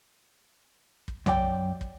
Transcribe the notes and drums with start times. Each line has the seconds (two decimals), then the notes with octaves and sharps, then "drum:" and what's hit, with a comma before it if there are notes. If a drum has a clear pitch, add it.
1.08 drum: kick
1.26 F#2 F#3 D5 G5, drum: tom B1
1.81 drum: kick